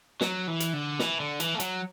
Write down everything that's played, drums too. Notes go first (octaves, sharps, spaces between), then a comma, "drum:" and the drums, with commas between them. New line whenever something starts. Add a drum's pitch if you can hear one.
F#3, drum: snare
E3
drum: hi-hat
D3
E3, drum: snare
D3
E3, drum: hi-hat
A3
F#3, drum: hi-hat